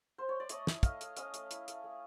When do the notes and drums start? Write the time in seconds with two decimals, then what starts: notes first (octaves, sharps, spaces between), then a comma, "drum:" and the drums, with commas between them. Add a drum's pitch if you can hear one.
0.18 C5
0.29 C#5
0.40 D5
0.49 A3 C#5 D#5, drum: hi-hat
0.67 E4, drum: snare
0.83 A3 D#5 F5, drum: kick, hi-hat
1.01 A3, drum: hi-hat
1.17 C#4 D#5 F5, drum: hi-hat
1.34 A3, drum: hi-hat
1.51 E4, drum: hi-hat
1.68 A3, drum: hi-hat
1.84 A3